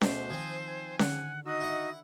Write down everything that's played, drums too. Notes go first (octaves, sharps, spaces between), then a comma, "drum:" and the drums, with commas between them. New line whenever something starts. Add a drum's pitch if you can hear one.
D2 B2 C5 B6, drum: snare C#4
D#3 F3 C4 G#5 D#6
G#5 G#6
D3 F#5, drum: snare C#4
D#4 F#4 D#5 E6 F#6
E4 F#5